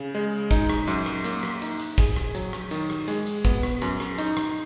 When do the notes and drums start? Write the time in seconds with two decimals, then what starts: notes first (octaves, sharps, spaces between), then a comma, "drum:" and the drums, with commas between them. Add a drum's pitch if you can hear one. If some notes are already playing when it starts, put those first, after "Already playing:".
Already playing: C#3
0.15 G#3
0.51 D#4, drum: kick, hi-hat
0.70 drum: rim click
0.87 F#2, drum: hi-hat
1.06 drum: rim click
1.24 A#3, drum: hi-hat
1.43 drum: rim click
1.62 D#4, drum: hi-hat
1.80 drum: hi-hat
1.98 G#4, drum: kick, hi-hat
2.16 drum: rim click
2.35 F#3, drum: hi-hat
2.53 drum: rim click
2.71 D#3, drum: hi-hat
2.90 drum: rim click
3.08 G#3, drum: hi-hat
3.27 drum: hi-hat
3.45 B3, drum: kick, hi-hat
3.63 drum: rim click
3.82 F#2, drum: hi-hat
4.00 drum: rim click
4.18 D#4, drum: hi-hat
4.37 drum: rim click